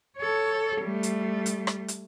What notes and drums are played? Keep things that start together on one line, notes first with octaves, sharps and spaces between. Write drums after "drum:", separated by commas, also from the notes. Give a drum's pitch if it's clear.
A4 C#5
G3 A3
drum: hi-hat
drum: hi-hat
drum: rim click
drum: hi-hat